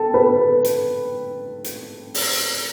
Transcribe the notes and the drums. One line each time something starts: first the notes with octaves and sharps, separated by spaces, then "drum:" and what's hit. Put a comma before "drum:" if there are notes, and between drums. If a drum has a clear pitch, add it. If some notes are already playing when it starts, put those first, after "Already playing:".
Already playing: A4 G5 A5
B4 B5
drum: hi-hat
drum: hi-hat
drum: open hi-hat